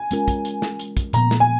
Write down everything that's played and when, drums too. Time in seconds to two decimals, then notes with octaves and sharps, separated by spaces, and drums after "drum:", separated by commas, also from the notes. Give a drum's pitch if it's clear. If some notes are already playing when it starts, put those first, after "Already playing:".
Already playing: G#5
0.11 G#3 C#4 F4 A#4, drum: hi-hat
0.28 drum: kick, hi-hat
0.45 drum: hi-hat
0.62 drum: snare
0.79 drum: hi-hat
0.97 drum: kick, hi-hat
1.13 A#2 F3 B3 A#5, drum: hi-hat
1.31 drum: snare
1.40 G#5